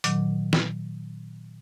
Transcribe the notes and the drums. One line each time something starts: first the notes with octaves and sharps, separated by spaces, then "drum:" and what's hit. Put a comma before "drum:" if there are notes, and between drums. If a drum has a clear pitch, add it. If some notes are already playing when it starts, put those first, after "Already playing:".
A#2 D#3 F#3, drum: hi-hat
drum: snare